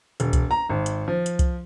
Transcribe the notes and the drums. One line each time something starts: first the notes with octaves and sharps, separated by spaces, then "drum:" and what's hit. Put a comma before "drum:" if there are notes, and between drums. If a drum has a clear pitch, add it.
E1, drum: hi-hat
drum: kick C2, hi-hat
A#5
G#1
drum: hi-hat
F3
drum: hi-hat
drum: kick C2, hi-hat